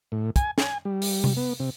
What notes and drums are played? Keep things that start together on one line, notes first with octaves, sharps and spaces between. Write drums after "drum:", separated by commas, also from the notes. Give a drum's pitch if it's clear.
A2
G#5, drum: kick, hi-hat
G#5, drum: snare
G3
drum: open hi-hat
drum: tom C3
B3
C3